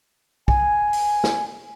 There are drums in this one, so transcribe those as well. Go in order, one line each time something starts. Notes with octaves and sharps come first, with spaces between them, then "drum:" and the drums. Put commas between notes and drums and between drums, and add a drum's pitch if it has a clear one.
G#5, drum: kick
drum: open hi-hat
drum: snare